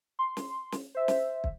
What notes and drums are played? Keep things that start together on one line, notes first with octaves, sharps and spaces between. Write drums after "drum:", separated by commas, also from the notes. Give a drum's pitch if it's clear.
C6
drum: snare
drum: snare
C5 E5
drum: snare
drum: kick